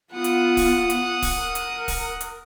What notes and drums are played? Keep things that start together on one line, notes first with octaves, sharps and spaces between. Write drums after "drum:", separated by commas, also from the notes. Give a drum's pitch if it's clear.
B3 F4 F#5 D#6
drum: hi-hat
drum: kick D1, open hi-hat
drum: hi-hat
drum: kick D1, open hi-hat
A#4
drum: hi-hat
drum: kick D1, open hi-hat
drum: hi-hat